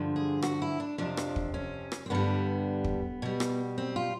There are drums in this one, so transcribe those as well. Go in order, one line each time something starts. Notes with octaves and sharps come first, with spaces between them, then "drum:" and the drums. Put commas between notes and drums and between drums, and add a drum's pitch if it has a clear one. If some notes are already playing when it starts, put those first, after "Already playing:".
Already playing: G2 D3 F3
G#4
F#4, drum: rim click
E4
D4
F2 C3 F3 D4
drum: rim click
drum: kick
C#4
drum: rim click
C4
G2 D3 G3 B3
drum: kick
B2 G3
drum: rim click
C4
F4